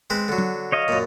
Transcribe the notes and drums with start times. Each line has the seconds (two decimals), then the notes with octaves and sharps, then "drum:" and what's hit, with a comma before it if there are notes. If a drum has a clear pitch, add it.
0.10 G#3 C4 B4
0.28 D3 F#3
0.38 drum: tom F#3
0.72 C#5 D#5 F5
0.88 F#2 A#2